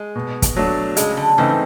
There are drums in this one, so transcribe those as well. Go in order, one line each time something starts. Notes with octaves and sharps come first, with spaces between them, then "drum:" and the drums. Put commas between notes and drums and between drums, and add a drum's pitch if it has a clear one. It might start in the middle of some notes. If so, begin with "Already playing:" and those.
Already playing: G#3
B2
drum: kick, hi-hat
F#3 A3 D4
C#3 G#3, drum: hi-hat
D3
C#3 E3 A3 C4 D#4